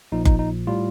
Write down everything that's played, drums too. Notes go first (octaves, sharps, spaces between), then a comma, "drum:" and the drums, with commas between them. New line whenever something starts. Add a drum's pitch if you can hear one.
A#1 A#2 F3 D#4
D#4, drum: kick F#1
D#4
A2 G3 F4